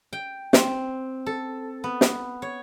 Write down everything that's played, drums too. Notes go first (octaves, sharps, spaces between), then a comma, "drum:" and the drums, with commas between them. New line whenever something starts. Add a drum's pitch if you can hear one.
G5
C4, drum: snare
A4
B3
drum: snare
C#5